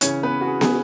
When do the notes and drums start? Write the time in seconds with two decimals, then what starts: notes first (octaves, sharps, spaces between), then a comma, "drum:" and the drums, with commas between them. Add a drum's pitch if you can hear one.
0.01 C#3 E3 C#4 C#5, drum: hi-hat
0.23 B3 B4
0.41 F#4
0.47 G#4
0.61 G#4, drum: snare